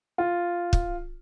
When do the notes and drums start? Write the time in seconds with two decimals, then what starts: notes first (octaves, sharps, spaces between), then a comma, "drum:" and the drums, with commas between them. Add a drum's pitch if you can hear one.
0.18 F4
0.73 drum: kick